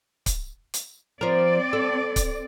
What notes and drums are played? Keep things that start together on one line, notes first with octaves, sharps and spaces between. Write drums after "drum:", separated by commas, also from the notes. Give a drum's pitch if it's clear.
drum: kick C#1, hi-hat
drum: hi-hat
F3 C4 A#4 D5
A4
drum: kick C#1, hi-hat